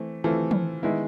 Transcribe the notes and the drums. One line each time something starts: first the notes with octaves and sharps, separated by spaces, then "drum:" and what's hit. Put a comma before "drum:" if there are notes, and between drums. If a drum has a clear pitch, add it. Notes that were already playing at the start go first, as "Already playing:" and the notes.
Already playing: E3 A3 C4
E3 A3 C4 F4 A4
drum: tom
D#3 G#3 B3 E4